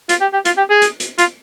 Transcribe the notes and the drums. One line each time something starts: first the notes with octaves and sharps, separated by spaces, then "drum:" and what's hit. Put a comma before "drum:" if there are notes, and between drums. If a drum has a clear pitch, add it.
F4, drum: hi-hat
G4
G4
F4, drum: hi-hat
G4
G#4
drum: hi-hat
drum: hi-hat
F4, drum: hi-hat